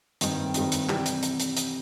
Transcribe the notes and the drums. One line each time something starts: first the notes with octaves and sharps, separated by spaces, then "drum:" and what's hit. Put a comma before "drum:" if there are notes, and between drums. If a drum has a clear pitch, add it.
G2 D#3 G3 C4 D#4 G5, drum: hi-hat
G5
G2 D#3 G3 C4 D#4, drum: hi-hat
drum: hi-hat
C3 E3 G3 G5, drum: clap
drum: hi-hat
drum: hi-hat
drum: hi-hat
drum: hi-hat